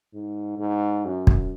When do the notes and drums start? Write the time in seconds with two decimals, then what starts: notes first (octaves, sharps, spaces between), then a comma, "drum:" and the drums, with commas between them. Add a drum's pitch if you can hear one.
0.14 G#2
0.58 G#2
1.05 F#2
1.27 drum: kick